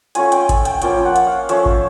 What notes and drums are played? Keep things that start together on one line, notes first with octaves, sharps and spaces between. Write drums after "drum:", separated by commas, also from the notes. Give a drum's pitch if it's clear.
A3 C#4 F4 G#5, drum: hi-hat
G5, drum: hi-hat
E5, drum: kick G#1, hi-hat
G5, drum: hi-hat
F3 A#3 C#4 F4 G5, drum: hi-hat
F#5
drum: hi-hat
F5
F3 A3 C#4 E5, drum: hi-hat
drum: kick G#1